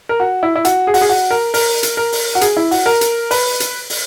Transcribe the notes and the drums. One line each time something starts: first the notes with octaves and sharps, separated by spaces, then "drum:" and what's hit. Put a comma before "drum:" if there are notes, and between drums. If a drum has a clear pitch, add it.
A#4
F#4
E4
E4
F#4, drum: hi-hat
G#4
F#4, drum: open hi-hat
G#4
F#4
A#4
A#4, drum: open hi-hat
drum: hi-hat
A#4
drum: open hi-hat
F#4
G#4, drum: hi-hat
E4
F#4, drum: open hi-hat
A#4
drum: hi-hat
B4, drum: open hi-hat
drum: hi-hat
drum: open hi-hat